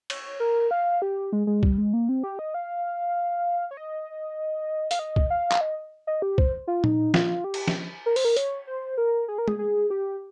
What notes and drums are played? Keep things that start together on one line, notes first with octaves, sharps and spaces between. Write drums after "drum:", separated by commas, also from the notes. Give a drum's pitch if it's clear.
C#5, drum: cymbal
A#4
F5
G4
G#3
G#3
G3, drum: kick
G#3
A#3
C4
G4
D#5
F5
C#5
D#5
F5, drum: hi-hat
D#5
drum: kick
F5
drum: clap
D#5
D#5
G4
C5, drum: kick
F4
D#4, drum: tom A#2
F4, drum: snare
G4
drum: cymbal
drum: snare
A#4
C5, drum: open hi-hat
A#4
C#5, drum: hi-hat
C5
A#4
G#4
A#4
G#4, drum: tom G#3
G#4
G4